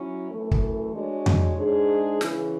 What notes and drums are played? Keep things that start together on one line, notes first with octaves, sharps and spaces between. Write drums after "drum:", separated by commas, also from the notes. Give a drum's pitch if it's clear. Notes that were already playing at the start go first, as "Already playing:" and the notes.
Already playing: F#3 C#4 E4
F#2 E3 A3
drum: kick
G#3 D4 F#4 C#5
drum: tom F2
G#2 G#3 D4 G#4
E2 C#3 E3, drum: snare